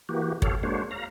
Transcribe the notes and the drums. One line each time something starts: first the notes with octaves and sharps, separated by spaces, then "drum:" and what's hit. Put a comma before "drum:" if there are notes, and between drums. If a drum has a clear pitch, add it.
E3 A#3 F#4 G4
G4 A4 C#5 F5, drum: kick
G#3 A#3 D4 F#4 C5 C#5
F5 A#5